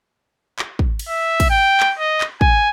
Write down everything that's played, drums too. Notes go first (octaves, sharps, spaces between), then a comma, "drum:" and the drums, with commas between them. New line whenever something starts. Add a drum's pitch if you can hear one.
drum: clap
drum: kick
drum: cymbal
E5
drum: kick, cymbal
G5
drum: clap
D#5
drum: clap
G#5, drum: kick